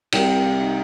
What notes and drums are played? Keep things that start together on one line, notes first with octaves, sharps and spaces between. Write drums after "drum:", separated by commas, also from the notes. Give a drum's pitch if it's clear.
C2 C3 G3 G5, drum: cymbal
G5
F5
D#4